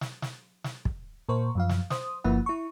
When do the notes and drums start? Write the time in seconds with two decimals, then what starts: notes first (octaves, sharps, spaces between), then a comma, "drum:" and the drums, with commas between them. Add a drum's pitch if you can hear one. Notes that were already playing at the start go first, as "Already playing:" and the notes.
0.01 drum: snare
0.22 drum: snare
0.64 drum: snare
0.85 drum: kick
1.29 A#2 A#4 C5 C#6
1.55 F#2 F3 F5
1.69 drum: snare
1.90 C5 D#6, drum: snare
2.24 G1 F3 A#3 E4 B4 F#5
2.46 E4 C#6